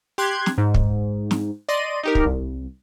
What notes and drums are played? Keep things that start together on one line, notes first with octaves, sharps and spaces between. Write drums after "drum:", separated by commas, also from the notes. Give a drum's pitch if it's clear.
G4 C6 F#6 G#6
drum: snare
G#2
drum: kick
drum: snare
D5 D#5 C6 D#7
D#4 G4 A#4
drum: kick
C2